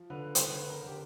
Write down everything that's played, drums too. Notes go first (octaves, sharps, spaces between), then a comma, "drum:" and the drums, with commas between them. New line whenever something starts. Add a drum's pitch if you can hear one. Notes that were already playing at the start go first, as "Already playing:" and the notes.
Already playing: F3
D3 B4
C5, drum: hi-hat
D3 B4
A#4
D3
G4